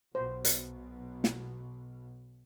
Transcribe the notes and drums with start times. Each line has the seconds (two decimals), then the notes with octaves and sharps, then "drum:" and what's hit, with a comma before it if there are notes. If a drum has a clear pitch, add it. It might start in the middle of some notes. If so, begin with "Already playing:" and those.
0.15 B1 B2 C5
0.45 drum: hi-hat
1.24 drum: snare